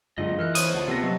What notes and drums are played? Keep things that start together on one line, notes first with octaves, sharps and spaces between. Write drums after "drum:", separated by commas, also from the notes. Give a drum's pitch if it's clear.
F#2 D3 G#3 F4 D#5
E3 A#4 F6 F#6
C5 C#5 B5 D#6, drum: hi-hat
D2 F4 F#5 A5
C3 A#3 B3 F#5 A#6 C7
F#3 D#5